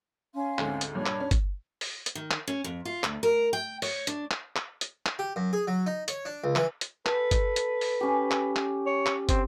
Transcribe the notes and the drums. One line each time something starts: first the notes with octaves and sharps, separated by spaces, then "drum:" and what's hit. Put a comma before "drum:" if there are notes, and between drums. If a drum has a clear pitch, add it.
C#4 F5 C6
D2 G#2 C4, drum: clap
drum: hi-hat
G2 A#2 D4 C#5 B5
drum: clap
C#4
drum: kick, hi-hat
drum: open hi-hat
drum: hi-hat
D#3
drum: clap
C#4
F2
F4
D2, drum: clap
A#4
G5
C#5, drum: open hi-hat
D4, drum: hi-hat
drum: clap
drum: clap
drum: hi-hat
drum: clap
G4
F#2
G#4
F#3
D#4
C#5, drum: hi-hat
D4
C#2
E3, drum: clap
drum: hi-hat
A4 B4, drum: clap
drum: kick, hi-hat
drum: hi-hat
drum: open hi-hat
C#4 G4
drum: clap
drum: clap
C#5
drum: clap
C4, drum: kick, hi-hat